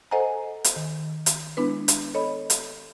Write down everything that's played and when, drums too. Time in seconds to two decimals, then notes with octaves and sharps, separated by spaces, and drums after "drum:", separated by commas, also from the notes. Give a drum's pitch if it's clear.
0.11 A4 C5 D#5 F#5 G#5 A#5
0.64 drum: hi-hat
0.76 D#3
1.26 drum: hi-hat
1.57 G#3 B3 D4 E4 B4
1.88 drum: hi-hat
2.14 A4 C#5 D#5 B5
2.50 drum: hi-hat